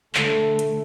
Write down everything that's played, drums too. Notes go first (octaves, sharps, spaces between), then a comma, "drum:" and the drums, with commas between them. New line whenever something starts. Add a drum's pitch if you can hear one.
D3 A3, drum: clap
drum: hi-hat